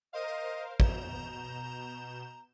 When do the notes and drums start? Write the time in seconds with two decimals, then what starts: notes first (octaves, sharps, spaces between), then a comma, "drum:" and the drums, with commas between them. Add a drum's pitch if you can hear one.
0.13 A#4 C5 D#5 F5
0.80 B2 A#5 G6 E7, drum: kick